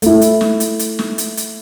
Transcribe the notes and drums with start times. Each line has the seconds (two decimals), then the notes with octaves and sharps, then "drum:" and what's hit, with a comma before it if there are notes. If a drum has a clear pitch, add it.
0.02 A3 E4, drum: hi-hat
0.21 drum: hi-hat
0.41 drum: snare
0.60 drum: hi-hat
0.79 drum: hi-hat
0.99 drum: snare
1.18 drum: hi-hat
1.37 drum: hi-hat